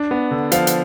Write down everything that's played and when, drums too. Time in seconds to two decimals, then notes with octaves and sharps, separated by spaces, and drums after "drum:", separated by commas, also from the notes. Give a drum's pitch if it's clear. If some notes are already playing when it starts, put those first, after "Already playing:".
Already playing: D4
0.11 B3
0.31 D3
0.52 F3 F5, drum: hi-hat
0.67 drum: hi-hat